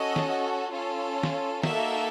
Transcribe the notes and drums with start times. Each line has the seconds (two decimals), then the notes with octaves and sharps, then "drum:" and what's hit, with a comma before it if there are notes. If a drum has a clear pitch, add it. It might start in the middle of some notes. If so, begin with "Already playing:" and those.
Already playing: C#4 F#4 A4 D#5
0.16 drum: snare
0.72 C#4 F4 A4
1.23 drum: snare
1.63 A#3 D#4 F#4 A4 E5, drum: snare